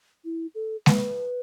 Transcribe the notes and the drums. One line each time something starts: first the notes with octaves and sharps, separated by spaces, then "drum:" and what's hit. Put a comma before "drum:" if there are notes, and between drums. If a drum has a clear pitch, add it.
E4
A4
B4, drum: snare G#3